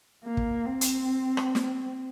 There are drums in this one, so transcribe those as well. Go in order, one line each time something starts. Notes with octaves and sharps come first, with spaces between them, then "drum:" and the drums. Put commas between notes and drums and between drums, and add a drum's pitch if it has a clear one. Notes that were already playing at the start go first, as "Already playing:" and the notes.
A#3
drum: kick
C4
drum: hi-hat
drum: rim click
drum: snare